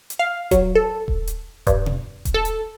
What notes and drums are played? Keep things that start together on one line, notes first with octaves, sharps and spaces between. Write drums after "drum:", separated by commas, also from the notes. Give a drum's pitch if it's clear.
drum: hi-hat
F5
F#3, drum: kick D#1, hi-hat
A4
drum: kick D#1
drum: hi-hat
G2, drum: kick D#1, hi-hat
drum: tom B2
drum: kick D#1, hi-hat
A4
drum: hi-hat